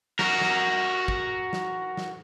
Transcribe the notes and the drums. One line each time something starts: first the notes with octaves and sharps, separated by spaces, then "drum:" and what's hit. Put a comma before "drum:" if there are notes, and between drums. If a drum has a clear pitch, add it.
F#4 A#4, drum: snare
drum: snare
drum: kick
drum: snare
drum: snare